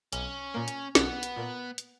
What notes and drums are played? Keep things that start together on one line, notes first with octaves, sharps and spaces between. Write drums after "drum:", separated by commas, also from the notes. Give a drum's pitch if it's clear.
B1 C#4, drum: hi-hat
A#2 A#3
drum: hi-hat
B1 B3, drum: snare
drum: hi-hat
A#2 A#3
drum: hi-hat